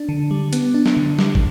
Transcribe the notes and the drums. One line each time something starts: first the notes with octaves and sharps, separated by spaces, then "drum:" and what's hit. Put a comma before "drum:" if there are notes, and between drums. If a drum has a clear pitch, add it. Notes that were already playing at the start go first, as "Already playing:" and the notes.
Already playing: D4
D3
G3
B3, drum: hi-hat
D4
drum: snare
D3
G3, drum: snare
drum: kick